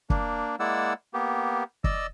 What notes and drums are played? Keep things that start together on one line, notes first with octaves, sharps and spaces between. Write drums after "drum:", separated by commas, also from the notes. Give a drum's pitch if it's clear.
A#3 D4, drum: kick
G#3 A#3 E4 D5 F#5 E6
A#3 B3 G4
D5 D#5 E6, drum: kick